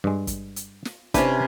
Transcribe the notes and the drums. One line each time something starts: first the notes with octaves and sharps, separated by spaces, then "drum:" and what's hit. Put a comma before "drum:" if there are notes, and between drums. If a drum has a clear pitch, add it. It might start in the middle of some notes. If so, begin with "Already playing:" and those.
G2 G#3
drum: kick, hi-hat
drum: hi-hat
drum: snare
C3 C#4 D4 E4 B4 G5, drum: kick, hi-hat